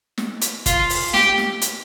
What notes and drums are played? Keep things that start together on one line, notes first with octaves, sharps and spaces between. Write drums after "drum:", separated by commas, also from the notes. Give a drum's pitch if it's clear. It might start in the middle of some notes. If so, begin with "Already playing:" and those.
drum: snare
drum: hi-hat
F4, drum: kick, hi-hat
drum: open hi-hat
G4, drum: snare
drum: snare
drum: hi-hat